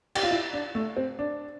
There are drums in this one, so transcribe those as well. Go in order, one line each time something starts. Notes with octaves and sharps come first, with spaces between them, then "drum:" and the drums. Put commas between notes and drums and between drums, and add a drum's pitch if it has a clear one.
G4, drum: cymbal
F4
E4
D4
A3
C4
D4